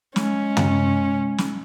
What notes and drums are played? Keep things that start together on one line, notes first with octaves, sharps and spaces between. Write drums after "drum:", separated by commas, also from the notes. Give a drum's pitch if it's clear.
G#3 C#4, drum: snare
drum: tom
drum: snare